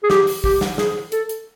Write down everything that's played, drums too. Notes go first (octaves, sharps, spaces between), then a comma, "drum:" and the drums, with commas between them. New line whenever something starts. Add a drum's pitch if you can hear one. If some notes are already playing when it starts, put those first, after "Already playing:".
G#4
G4, drum: snare
drum: open hi-hat
G4, drum: kick
drum: snare
G#4, drum: snare
A4, drum: hi-hat
drum: hi-hat